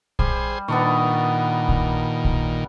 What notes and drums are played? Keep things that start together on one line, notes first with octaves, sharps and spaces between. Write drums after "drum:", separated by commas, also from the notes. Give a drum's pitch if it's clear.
G3 G#4 C5, drum: kick A#1
A#2 D#3 B3 D4 C#6
drum: kick A#1
drum: kick A#1